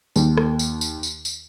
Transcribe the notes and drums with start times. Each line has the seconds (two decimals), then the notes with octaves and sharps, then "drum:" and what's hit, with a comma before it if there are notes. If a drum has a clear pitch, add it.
0.16 D#2, drum: tambourine
0.37 drum: rim click
0.59 drum: tambourine
0.81 drum: tambourine
1.03 drum: tambourine
1.25 drum: tambourine